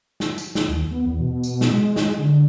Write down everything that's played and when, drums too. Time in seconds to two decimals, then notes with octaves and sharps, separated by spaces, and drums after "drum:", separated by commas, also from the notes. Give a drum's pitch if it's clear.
0.20 drum: snare
0.38 drum: tambourine
0.55 drum: snare
0.68 D#2
0.91 B3
1.06 E2
1.20 B2
1.43 drum: tambourine
1.61 drum: snare
1.71 G#3
1.96 drum: snare
2.18 D3